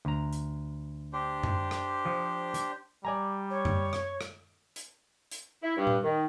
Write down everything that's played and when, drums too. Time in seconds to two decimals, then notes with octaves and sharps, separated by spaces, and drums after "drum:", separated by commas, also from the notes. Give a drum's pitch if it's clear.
0.05 D2 A#5
0.33 drum: hi-hat
1.13 D4 G4 C5
1.43 drum: tom F#2
1.71 drum: rim click
2.05 F3
2.54 drum: hi-hat
3.05 G3 D5 G#5 A#5
3.50 C#5
3.65 drum: tom F#2
3.93 drum: rim click
4.21 drum: rim click
4.76 drum: hi-hat
5.31 drum: hi-hat
5.63 E4
5.77 G2
5.87 drum: tom A#2
6.03 D#3